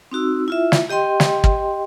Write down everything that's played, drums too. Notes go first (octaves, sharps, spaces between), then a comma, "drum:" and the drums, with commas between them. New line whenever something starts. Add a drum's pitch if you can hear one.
C4 D#4 F#4 E6
E4 F4 E5
drum: snare
G4 D#5 G5 C6
drum: snare
drum: kick